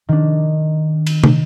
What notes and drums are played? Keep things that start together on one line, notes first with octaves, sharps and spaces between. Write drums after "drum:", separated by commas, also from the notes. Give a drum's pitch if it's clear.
D#3 D4
drum: cymbal
drum: tom